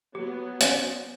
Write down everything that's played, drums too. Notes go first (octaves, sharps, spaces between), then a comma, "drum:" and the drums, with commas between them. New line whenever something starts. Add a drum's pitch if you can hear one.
F#3 B3 G4
C#4 C#5 F5, drum: hi-hat